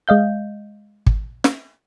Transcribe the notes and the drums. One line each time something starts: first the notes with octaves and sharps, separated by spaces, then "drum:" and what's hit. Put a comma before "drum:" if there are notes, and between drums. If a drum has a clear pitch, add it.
G#3 D#5 F5 G6
drum: kick
drum: snare